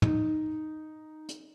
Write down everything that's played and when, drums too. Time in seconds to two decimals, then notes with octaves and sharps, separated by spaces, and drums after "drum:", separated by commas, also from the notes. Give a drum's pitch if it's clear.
0.02 D#4, drum: tom
1.29 drum: hi-hat